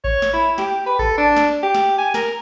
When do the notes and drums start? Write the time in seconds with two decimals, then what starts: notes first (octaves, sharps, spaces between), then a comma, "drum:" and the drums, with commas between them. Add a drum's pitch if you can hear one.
0.04 C#5, drum: kick A1
0.22 drum: snare
0.33 E4
0.58 G4, drum: snare
0.86 B4
0.99 A4, drum: kick A1
1.17 D4
1.36 drum: snare
1.63 G4
1.75 drum: snare
1.98 G#5
2.14 A#4, drum: snare